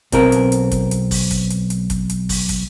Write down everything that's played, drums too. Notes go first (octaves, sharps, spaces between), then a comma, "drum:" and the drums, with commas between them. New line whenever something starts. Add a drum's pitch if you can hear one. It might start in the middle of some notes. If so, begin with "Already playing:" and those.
B1 C4 A#4, drum: kick, hi-hat
drum: hi-hat
drum: hi-hat
drum: kick, hi-hat
drum: hi-hat
drum: kick, open hi-hat
drum: kick, hi-hat
drum: hi-hat
drum: hi-hat
drum: kick, hi-hat
drum: hi-hat
drum: kick, open hi-hat
drum: kick, hi-hat